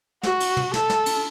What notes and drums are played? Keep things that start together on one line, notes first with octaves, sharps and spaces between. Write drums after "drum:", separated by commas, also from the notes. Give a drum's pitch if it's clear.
F#4, drum: snare
drum: cymbal
drum: tom
A4, drum: snare
drum: snare
drum: cymbal